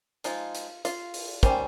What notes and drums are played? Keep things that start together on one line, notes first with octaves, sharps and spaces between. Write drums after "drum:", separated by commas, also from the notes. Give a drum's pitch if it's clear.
F3 G#3 D#4 F4, drum: hi-hat
drum: hi-hat
F4, drum: hi-hat
drum: open hi-hat
D#3 G3 C#4 C5, drum: kick, hi-hat